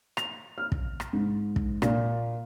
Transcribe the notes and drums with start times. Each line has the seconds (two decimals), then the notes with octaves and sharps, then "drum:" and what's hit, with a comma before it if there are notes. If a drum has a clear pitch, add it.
0.17 F7, drum: rim click
0.58 F6
0.72 drum: kick
1.00 drum: rim click
1.13 G#2
1.56 drum: kick
1.82 A#2, drum: rim click